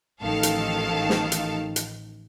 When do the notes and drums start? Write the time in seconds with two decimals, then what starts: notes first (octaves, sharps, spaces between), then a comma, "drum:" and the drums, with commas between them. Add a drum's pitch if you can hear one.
0.21 A1 D#3 F3 A4 F5 A5
0.43 drum: hi-hat
1.10 drum: snare
1.32 drum: hi-hat
1.76 drum: hi-hat